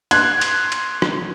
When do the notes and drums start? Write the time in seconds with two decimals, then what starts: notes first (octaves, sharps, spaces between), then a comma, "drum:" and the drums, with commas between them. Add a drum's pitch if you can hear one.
0.11 C6 F#6 G#6, drum: cymbal
0.41 drum: cymbal
0.72 drum: cymbal
1.02 drum: rim click